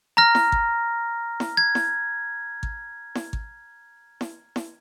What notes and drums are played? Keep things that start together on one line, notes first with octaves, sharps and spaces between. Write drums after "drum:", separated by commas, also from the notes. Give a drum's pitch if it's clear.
A#5 F6 A#6
drum: snare E4
drum: kick G#1
drum: snare E4
G#6
drum: snare E4
drum: kick G#1
drum: snare E4
drum: kick G#1
drum: snare E4
drum: snare E4